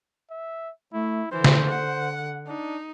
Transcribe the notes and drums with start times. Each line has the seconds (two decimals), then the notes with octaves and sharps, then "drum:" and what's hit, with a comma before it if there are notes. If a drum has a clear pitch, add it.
0.30 E5
0.93 A3 E4
1.32 D3 E3 C5
1.44 drum: snare
1.68 F#5
2.47 D4 D#4